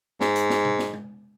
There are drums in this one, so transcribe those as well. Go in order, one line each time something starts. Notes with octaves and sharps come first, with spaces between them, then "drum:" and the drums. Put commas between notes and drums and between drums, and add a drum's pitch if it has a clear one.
G#2, drum: snare
drum: hi-hat
drum: snare
drum: tom B2
drum: snare
drum: tom G#3